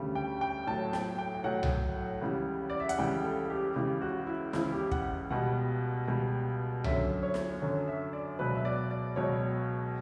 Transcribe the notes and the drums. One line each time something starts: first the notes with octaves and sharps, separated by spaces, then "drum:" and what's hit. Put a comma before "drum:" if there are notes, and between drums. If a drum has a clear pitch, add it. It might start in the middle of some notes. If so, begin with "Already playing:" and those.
Already playing: D2 C#3 G3
G5
G5
A2 F#3 A5
G5, drum: snare
G5
G5
A2 F#3 F#5
drum: tom C2
C#2 C#3 E3 G3
D5
E5
F#5, drum: hi-hat
C#2 C#3 E3 G3 G5
A4
G4
C#2 C#3 E3 G4
F#4
E4
C#2 C#3 E3 E4, drum: snare
G4
F#5, drum: kick
C#2 B2 G3 F#5
C#2 B2 G3
F#2 D3 F#3 E5, drum: tom C2
C#5
drum: snare
F#2 D3 F#3
E5
D5
C#2 B2 F#3 B4
E5
D5
D5
C#2 B2 F#3 C#5